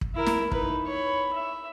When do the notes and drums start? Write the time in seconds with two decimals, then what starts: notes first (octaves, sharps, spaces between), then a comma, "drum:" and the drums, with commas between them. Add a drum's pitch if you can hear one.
0.01 drum: kick
0.15 E4 A#4
0.26 drum: snare
0.52 D#4 B4, drum: kick
0.87 C#5 B5
1.33 E5